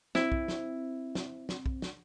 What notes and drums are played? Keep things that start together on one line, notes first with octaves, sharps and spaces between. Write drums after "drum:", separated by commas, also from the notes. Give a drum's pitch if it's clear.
C4 E4, drum: snare
drum: kick
drum: snare
drum: snare
drum: snare
drum: kick
drum: snare